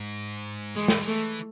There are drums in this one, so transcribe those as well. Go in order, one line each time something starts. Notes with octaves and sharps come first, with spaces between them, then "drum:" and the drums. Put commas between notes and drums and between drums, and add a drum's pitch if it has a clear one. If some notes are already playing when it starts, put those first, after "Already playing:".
Already playing: G#2
E3 G#3
drum: snare
F#3
E3 A3